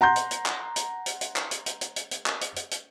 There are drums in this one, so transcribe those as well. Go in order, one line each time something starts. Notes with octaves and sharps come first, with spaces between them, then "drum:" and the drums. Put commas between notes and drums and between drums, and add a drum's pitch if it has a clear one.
F#5 A#5 C6 G6
drum: hi-hat
drum: hi-hat
drum: clap
drum: hi-hat
drum: hi-hat
drum: hi-hat
drum: clap
drum: hi-hat
drum: hi-hat
drum: hi-hat
drum: hi-hat
drum: hi-hat
drum: clap
drum: hi-hat
drum: hi-hat
drum: hi-hat